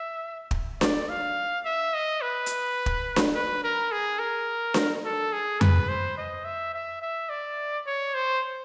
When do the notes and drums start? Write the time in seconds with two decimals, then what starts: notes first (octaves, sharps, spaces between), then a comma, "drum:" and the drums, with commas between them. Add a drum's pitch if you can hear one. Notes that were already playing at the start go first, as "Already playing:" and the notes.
Already playing: E5
0.51 drum: kick
0.81 D5, drum: snare D4
1.09 F5
1.65 E5
1.94 D#5
2.21 B4
2.46 drum: hi-hat
2.86 drum: kick
3.16 drum: snare D4
3.35 B4
3.64 A#4
3.92 G#4
4.19 A#4
4.74 drum: snare D4
5.05 A4
5.33 G#4
5.61 B4, drum: tom F2
5.88 C5
6.17 D#5
6.45 E5
6.74 E5
7.02 E5
7.30 D5
7.86 C#5
8.14 C5